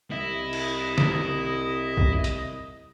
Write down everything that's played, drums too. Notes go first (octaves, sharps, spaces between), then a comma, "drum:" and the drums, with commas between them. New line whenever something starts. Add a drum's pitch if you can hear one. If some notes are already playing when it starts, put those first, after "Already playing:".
C2 E4 D#5
drum: cymbal
drum: snare
drum: kick
drum: hi-hat